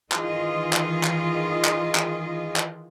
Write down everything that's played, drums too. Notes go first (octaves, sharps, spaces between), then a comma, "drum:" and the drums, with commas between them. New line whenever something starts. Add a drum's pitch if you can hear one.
D#3 E3 F4 G#4 D#5, drum: clap
drum: clap
drum: clap
drum: clap
drum: clap
drum: clap